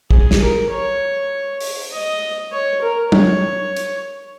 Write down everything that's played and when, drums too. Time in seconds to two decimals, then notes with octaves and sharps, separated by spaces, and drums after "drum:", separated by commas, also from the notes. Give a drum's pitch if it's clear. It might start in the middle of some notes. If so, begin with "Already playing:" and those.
0.11 G#4, drum: kick
0.31 drum: snare
0.41 A#4
0.71 C#5
1.61 drum: open hi-hat
1.92 D#5
2.52 C#5
2.82 A#4
3.12 C#5, drum: tom F#3
3.77 drum: hi-hat